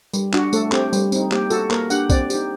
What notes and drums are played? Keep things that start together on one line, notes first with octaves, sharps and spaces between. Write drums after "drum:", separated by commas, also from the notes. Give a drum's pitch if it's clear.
G3, drum: tambourine
D4 F#4, drum: clap
A3 A4, drum: tambourine
C4 G4, drum: clap
G3, drum: tambourine
C4 D#4, drum: tambourine
A#3 G4, drum: clap
F#4 A4, drum: tambourine
A#3 A#4, drum: clap
D4 G4 F#5, drum: tambourine
C4 D5, drum: kick, tambourine
D#4 G4, drum: tambourine